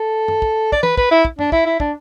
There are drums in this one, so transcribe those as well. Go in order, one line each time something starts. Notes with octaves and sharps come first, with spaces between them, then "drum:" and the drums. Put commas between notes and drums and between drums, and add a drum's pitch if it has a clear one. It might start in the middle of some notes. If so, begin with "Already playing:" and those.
Already playing: A4
drum: tom
drum: kick
D5, drum: kick
B4, drum: tom
B4, drum: kick
E4
drum: kick
D4, drum: tom
E4, drum: kick
E4
D4, drum: kick